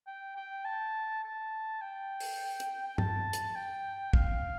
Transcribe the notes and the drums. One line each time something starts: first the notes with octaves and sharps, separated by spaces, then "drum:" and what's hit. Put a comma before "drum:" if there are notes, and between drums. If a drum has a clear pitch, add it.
G5
G5
A5
A5
G5
drum: open hi-hat
drum: hi-hat
G5
A5, drum: tom
drum: hi-hat
G5
F5, drum: kick